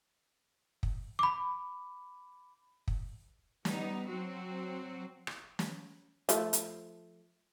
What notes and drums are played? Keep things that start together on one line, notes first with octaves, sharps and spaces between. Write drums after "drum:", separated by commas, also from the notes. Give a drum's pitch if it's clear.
drum: kick
B5 D6
drum: kick
G3 B3 D#4, drum: snare
F#3 C4 F#4
drum: rim click
drum: snare
F3 A3, drum: hi-hat
drum: hi-hat